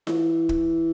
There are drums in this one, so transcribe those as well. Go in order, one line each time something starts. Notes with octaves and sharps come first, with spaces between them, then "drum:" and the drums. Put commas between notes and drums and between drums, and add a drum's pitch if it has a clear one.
E3, drum: snare F4
drum: kick